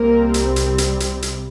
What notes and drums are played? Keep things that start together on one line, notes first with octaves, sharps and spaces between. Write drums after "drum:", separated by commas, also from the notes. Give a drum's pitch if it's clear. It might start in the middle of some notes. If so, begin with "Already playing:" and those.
Already playing: C2 C3 G3 A#3 C4 A#4
drum: hi-hat
drum: hi-hat
drum: hi-hat
drum: hi-hat
drum: hi-hat